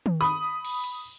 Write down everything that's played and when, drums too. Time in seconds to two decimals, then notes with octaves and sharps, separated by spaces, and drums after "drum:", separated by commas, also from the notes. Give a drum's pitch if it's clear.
0.06 drum: tom D#3
0.21 B5 D#6
0.65 drum: cymbal
0.84 drum: hi-hat